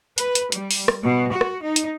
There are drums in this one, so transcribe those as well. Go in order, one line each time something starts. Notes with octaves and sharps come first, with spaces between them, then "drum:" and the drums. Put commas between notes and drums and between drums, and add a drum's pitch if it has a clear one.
B4, drum: hi-hat
drum: hi-hat
G3, drum: hi-hat
drum: open hi-hat
drum: rim click
B2
F#4
drum: rim click
D#4
drum: hi-hat